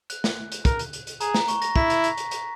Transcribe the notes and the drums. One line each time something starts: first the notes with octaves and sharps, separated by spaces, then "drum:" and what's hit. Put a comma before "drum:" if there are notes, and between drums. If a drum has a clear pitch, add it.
F#6, drum: hi-hat
drum: snare
drum: hi-hat
A#4, drum: kick, hi-hat
drum: hi-hat
drum: hi-hat
drum: hi-hat
G#4 A#5, drum: hi-hat
A#5, drum: snare
C#6, drum: hi-hat
A#6, drum: hi-hat
E4 B6, drum: kick
drum: hi-hat
drum: hi-hat
drum: hi-hat
drum: hi-hat